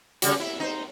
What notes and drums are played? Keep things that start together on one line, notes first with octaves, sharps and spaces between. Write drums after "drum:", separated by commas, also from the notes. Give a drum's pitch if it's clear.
C#3 G3 F#4, drum: hi-hat
E4
D#4 C5